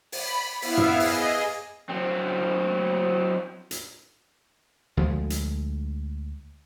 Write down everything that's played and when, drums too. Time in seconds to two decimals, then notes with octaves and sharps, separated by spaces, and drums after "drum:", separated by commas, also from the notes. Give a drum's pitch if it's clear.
0.12 B5, drum: open hi-hat
0.62 B3 E4 E5 F5, drum: open hi-hat
0.77 drum: tom
1.00 G#4 D#5, drum: open hi-hat
1.89 F#3 C4
3.71 drum: hi-hat
4.97 D2 F3 G#3
5.30 drum: hi-hat